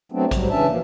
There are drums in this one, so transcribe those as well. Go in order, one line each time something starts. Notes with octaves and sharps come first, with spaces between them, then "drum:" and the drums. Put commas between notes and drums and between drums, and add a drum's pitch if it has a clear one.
F#3 A3 B3 C4 D4
G#2 F#3 G3, drum: kick A1, hi-hat
C#3 E3 C#4 D4 E5 A5
B2 E3 F3 A#3